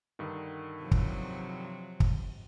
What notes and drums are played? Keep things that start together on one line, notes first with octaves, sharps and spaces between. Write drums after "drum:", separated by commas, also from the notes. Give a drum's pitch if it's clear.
G2 D3 D#3
C3 F3 F#3
drum: kick
drum: kick